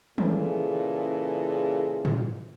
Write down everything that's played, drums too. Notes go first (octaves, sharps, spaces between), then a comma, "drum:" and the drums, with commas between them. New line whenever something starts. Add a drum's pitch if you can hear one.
A#2 C#3 E3 G#4 A4, drum: tom D#3
drum: tom G#2